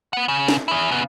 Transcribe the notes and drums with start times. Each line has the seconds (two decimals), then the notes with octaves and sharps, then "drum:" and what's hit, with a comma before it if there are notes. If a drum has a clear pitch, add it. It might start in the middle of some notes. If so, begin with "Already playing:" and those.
0.13 B3 F#5
0.28 C#3
0.48 drum: snare
0.68 E4 G#4
0.91 C#3 B3